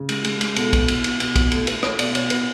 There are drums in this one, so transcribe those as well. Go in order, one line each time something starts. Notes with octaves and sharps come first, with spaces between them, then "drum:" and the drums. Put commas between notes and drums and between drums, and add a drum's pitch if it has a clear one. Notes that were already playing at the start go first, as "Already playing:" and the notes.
Already playing: C#3
G#3, drum: cymbal
G#3, drum: cymbal
G#3, drum: cymbal
B2 A4, drum: cymbal
B2, drum: kick, cymbal
B2, drum: cymbal
B2, drum: cymbal
B2, drum: cymbal
B2, drum: kick, cymbal
A3 A4, drum: cymbal
A3 B4, drum: cymbal
A3 C#5, drum: rim click
B2 D5, drum: cymbal
B2 C#5, drum: cymbal
B2 B4, drum: cymbal